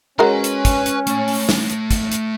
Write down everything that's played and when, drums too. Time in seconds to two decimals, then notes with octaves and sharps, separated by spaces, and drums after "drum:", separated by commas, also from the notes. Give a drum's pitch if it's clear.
0.19 G#3 C#4 F#4 A#4 B4 C6
0.44 drum: hi-hat
0.65 drum: kick, hi-hat
0.86 drum: hi-hat
1.07 A3 C#5, drum: hi-hat
1.28 drum: open hi-hat
1.49 drum: snare
1.70 drum: hi-hat
1.91 drum: kick, hi-hat
2.12 drum: hi-hat